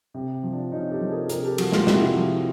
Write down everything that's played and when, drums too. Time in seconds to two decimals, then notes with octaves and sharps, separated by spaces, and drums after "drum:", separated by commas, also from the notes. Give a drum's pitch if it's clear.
0.14 C3
0.43 F3
0.53 D4
0.72 C3 C#4 D#4
0.91 G4 A4
1.00 F3
1.11 G#4 A#4
1.29 C3 G#4 A#4, drum: hi-hat
1.43 G4 A4
1.58 F3 F#4 G#4, drum: cymbal
1.72 F4 G4, drum: snare
1.87 C3 E4 F#4, drum: snare
2.16 F3